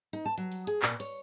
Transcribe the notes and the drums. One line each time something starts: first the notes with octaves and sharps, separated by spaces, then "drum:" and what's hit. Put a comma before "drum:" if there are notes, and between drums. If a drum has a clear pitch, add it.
D#4
A5
F#3, drum: hi-hat
drum: open hi-hat
G#4, drum: hi-hat
A#2, drum: clap
C#5, drum: open hi-hat